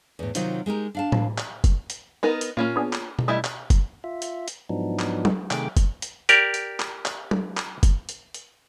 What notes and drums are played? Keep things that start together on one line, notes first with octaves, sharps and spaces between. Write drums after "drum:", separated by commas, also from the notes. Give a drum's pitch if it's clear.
E2 A2
C3 D#3 F#3 D#4 F4 C5, drum: hi-hat
G#3 D#4 G4 A#4
D4 F5 A5
drum: tom A2
drum: clap
drum: kick F#1, hi-hat
drum: hi-hat
B3 D#4 A#4
drum: hi-hat
A#2 A#3 C#4 F4
B3 D4 G#4
drum: clap
drum: tom B2
G3 A3 E4 D#5
drum: clap
drum: kick F#1, hi-hat
F4 E5
drum: hi-hat
drum: hi-hat
G#2 F3 F#3 B3 D4 D#4
drum: clap
drum: tom F#3
C3 D#3 A3 G#4 G5 D6, drum: clap
drum: kick F#1, hi-hat
drum: hi-hat
G4 A#4 D5, drum: hi-hat
drum: hi-hat
drum: clap
drum: clap
drum: tom F#3
drum: clap
drum: kick F#1, hi-hat
drum: hi-hat
drum: hi-hat